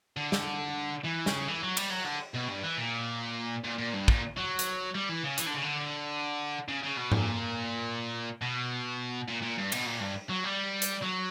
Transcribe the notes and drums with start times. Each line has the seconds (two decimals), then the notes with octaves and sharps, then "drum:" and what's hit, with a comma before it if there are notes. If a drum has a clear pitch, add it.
0.17 D3
0.32 drum: snare
1.04 E3
1.26 C#3, drum: snare
1.48 E3
1.62 F#3
1.77 G3, drum: cymbal
1.91 F#3
2.05 D3
2.35 B2
2.49 G2
2.64 E3
2.77 A#2
3.65 A#2
3.78 A#2
3.93 G2
4.08 A#2, drum: kick
4.37 F#3
4.59 drum: hi-hat
4.95 G3
5.09 E3
5.24 C#3
5.38 E3, drum: hi-hat
5.46 D3
5.54 C#3
5.62 D3
6.68 C#3
6.83 C#3
6.97 B2
7.12 A#2, drum: tom G#2
8.42 B2
9.28 A#2
9.42 A#2
9.57 G2
9.72 B2, drum: cymbal
9.86 A#2
10.00 G2
10.30 F#3
10.44 G3
10.82 drum: hi-hat
11.02 F#3